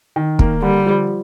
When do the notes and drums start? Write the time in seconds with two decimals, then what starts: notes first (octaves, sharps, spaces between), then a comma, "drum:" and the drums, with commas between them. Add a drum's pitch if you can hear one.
0.16 D#3
0.39 A#3, drum: kick
0.62 D3 G3
0.86 F3